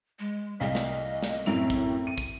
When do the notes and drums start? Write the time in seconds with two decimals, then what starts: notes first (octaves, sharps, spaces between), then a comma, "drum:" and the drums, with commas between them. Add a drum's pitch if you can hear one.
0.19 G#3
0.60 C2 D#5 F5 B6
0.75 drum: snare
1.23 drum: snare
1.46 F#2 A2 C4 F7
1.70 drum: kick
2.07 D#7
2.18 drum: kick